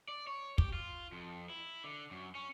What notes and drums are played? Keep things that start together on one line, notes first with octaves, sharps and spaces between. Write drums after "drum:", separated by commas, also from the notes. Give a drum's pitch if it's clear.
D5
C#5
G4, drum: kick
F4
F2
E4
D3
F#2
C#4